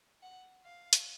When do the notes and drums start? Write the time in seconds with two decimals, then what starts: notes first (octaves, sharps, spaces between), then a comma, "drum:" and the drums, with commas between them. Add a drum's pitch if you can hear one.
0.22 F#5
0.65 F5
0.93 drum: hi-hat